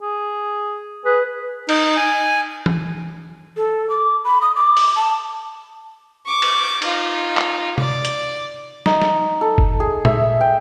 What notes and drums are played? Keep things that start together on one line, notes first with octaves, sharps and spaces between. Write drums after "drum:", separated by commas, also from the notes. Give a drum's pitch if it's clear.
G#4
G#4 B4
D#4, drum: cymbal
G#5
drum: tom E3
A4
D6
B5
D#6
D6
drum: open hi-hat
A5
C#6 D6
drum: cymbal
D#4 F4, drum: cymbal
drum: clap
D5, drum: tom C3
drum: hi-hat
D#4, drum: snare
drum: snare
A4
drum: kick G1
G#4
E5, drum: tom A#2
G5